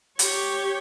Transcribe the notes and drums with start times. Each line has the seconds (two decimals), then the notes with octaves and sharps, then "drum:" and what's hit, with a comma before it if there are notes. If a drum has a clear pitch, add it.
0.19 G4 C#5, drum: hi-hat